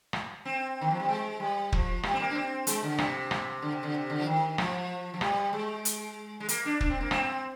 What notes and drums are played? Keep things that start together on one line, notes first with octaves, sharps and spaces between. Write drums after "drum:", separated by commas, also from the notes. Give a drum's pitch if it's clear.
drum: rim click
C4
D#3
F3
G3
G#3
G3
F3, drum: kick
G3, drum: rim click
C4
A#3
D4
C4
G#3, drum: hi-hat
D3
C3, drum: rim click
drum: rim click
D3
C3
D3
C3
D3
F3
D#3
F3, drum: rim click
F3
G3, drum: rim click
G#3
drum: hi-hat
G#3
A#3, drum: hi-hat
D4
D4, drum: kick
C4
A#3
C4, drum: rim click